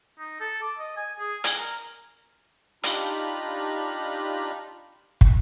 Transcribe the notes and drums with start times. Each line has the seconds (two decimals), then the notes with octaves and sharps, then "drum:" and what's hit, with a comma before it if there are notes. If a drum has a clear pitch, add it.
0.19 D#4
0.40 A4
0.62 D6
0.79 D#5
0.96 G#5
1.19 G#4
1.44 G#5, drum: hi-hat
1.58 A#4
2.83 D4 D#4 F4 G4 A#5 B5, drum: hi-hat
5.21 drum: kick